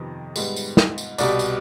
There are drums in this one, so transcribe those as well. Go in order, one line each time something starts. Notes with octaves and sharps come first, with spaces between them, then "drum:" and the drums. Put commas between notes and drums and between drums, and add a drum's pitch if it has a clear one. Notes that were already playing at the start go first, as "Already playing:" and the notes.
Already playing: F2 C3 D#3 B3
G#2 G3 B3, drum: tambourine
drum: tambourine
drum: snare
drum: tambourine
C2 B2 G3 D5, drum: tambourine
drum: tambourine